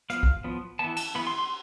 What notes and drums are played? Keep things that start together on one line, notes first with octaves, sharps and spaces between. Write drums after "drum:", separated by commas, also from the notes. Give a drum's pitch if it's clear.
F3 B3 F5, drum: hi-hat
drum: kick
F3 B3
E3 B3 A5
A5, drum: cymbal
E3 B3 B5
C6
C6